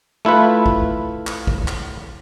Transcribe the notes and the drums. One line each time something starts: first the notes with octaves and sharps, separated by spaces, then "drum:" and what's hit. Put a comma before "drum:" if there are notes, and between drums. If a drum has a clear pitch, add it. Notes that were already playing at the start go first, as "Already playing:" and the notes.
A3 E4 F4 B4
drum: kick G#1
drum: clap
drum: kick G#1
drum: clap